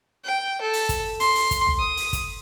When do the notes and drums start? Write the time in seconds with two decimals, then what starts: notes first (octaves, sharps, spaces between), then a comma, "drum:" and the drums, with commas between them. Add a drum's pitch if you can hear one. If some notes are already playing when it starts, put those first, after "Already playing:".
0.24 G5
0.61 A4
0.74 drum: open hi-hat
0.89 drum: kick, hi-hat
1.20 C6, drum: open hi-hat
1.35 drum: open hi-hat
1.51 drum: kick, hi-hat
1.66 drum: tom
1.79 D#6
1.97 drum: open hi-hat
2.13 drum: kick, hi-hat